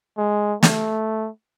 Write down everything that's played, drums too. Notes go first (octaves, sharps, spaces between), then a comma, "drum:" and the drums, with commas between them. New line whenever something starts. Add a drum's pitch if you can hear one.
G#3
A3, drum: snare